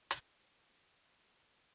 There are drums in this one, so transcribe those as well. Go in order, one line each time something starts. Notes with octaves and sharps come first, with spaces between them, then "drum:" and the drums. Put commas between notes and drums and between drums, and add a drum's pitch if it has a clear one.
drum: hi-hat
G3 F4
D4
D3
D#4
D3
C4
G3 F4